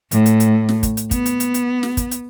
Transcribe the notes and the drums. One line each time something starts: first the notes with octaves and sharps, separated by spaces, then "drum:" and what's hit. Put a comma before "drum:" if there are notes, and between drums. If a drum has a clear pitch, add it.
A2, drum: hi-hat
drum: hi-hat
drum: hi-hat
drum: snare
drum: kick, hi-hat
drum: hi-hat
B3, drum: kick, hi-hat
drum: hi-hat
drum: hi-hat
drum: hi-hat
drum: snare
drum: kick, hi-hat
drum: hi-hat